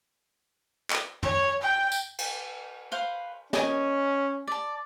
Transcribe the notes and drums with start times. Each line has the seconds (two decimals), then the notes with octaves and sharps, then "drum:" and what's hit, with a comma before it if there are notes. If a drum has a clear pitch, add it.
0.91 drum: clap
1.23 C#5, drum: tom
1.62 G5
1.92 drum: tambourine
2.18 drum: cymbal
2.92 B4 C5 F5
3.53 C#4 A#4 D#5 G#5, drum: snare
4.47 D5 A5